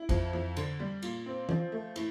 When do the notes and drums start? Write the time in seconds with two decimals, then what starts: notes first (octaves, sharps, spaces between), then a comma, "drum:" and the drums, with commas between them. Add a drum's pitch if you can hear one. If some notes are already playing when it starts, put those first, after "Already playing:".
Already playing: E4
0.09 F2, drum: kick A1, cymbal
0.33 F2
0.57 D3, drum: cymbal
0.80 G3
1.02 A#2, drum: cymbal
1.26 C4
1.49 F3, drum: tom E3
1.72 A3
1.96 A2, drum: cymbal